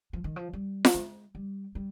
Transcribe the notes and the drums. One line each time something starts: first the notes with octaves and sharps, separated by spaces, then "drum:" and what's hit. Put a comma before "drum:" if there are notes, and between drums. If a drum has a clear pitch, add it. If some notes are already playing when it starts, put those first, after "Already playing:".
F3
D#3
F3
G3
drum: snare F4
G#3
G3
G3